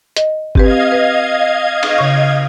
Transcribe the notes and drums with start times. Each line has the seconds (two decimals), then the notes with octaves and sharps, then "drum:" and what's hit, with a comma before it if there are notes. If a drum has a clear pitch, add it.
0.16 D#5, drum: hi-hat
0.55 C4 G4 B4 D#5 F5 G#6, drum: kick
0.92 B4
1.83 drum: cymbal
1.98 C#3 C#6